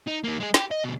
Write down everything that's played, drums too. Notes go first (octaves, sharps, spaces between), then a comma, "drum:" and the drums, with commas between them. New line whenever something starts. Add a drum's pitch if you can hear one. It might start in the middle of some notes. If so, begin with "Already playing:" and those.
D#4
D#3 A#3
G#3 G#4
G4, drum: snare
D#5
B2 D3